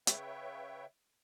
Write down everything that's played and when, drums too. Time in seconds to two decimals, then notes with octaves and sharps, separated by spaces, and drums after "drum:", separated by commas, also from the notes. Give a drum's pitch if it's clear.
0.07 C#3 B4 C#5 E5 G5, drum: hi-hat